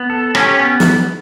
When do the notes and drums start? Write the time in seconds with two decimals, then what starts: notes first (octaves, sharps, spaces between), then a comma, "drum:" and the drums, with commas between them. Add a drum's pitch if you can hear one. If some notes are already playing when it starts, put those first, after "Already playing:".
Already playing: B3
0.10 A4
0.35 C#4 G4, drum: rim click
0.59 B3
0.80 drum: snare